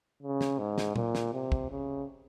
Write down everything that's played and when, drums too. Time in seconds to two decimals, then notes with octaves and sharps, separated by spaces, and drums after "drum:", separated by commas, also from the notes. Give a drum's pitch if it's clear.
0.22 C#3
0.41 drum: snare
0.59 G#2
0.78 drum: snare
0.96 A#2, drum: tom
1.15 drum: snare
1.33 C3
1.52 drum: kick
1.71 C#3